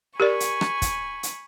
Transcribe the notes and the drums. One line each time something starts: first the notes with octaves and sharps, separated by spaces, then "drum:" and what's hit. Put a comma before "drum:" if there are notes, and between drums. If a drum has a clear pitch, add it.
G4 A#4 D5 G#5 B5 C#6
drum: hi-hat
drum: rim click
drum: kick, hi-hat
drum: hi-hat